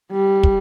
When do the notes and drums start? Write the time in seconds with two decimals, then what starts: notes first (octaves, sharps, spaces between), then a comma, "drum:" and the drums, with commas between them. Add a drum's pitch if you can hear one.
0.12 G3
0.43 drum: kick